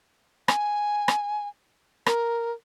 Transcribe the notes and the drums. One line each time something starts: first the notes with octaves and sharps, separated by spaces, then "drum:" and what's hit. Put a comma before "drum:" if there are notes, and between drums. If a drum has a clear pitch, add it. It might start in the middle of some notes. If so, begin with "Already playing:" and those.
G#5, drum: rim click
drum: rim click
A#4, drum: rim click